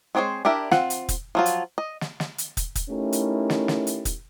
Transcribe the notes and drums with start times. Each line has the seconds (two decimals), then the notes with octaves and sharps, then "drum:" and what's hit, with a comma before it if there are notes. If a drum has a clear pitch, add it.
0.15 G#3 C4 G#4 C5 C#5
0.45 D4 E4 G4 A#4 E5
0.71 C4 F4 F#5, drum: snare
0.90 drum: hi-hat
1.09 drum: kick, hi-hat
1.35 F3 F#3 F4
1.46 drum: hi-hat
1.78 D#5
2.01 drum: snare
2.20 drum: snare
2.38 drum: hi-hat
2.57 drum: kick, hi-hat
2.75 drum: kick, hi-hat
2.90 A3 C#4 D#4 E4 G4 A#4
3.13 drum: hi-hat
3.50 drum: snare
3.68 drum: snare
3.87 drum: hi-hat
4.05 drum: kick, hi-hat